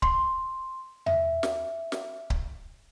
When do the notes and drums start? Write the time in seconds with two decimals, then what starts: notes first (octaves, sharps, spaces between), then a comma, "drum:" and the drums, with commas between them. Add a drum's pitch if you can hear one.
0.02 C6, drum: kick C#1
1.06 E5, drum: tom E2
1.43 drum: snare
1.92 drum: snare
2.30 drum: kick C#1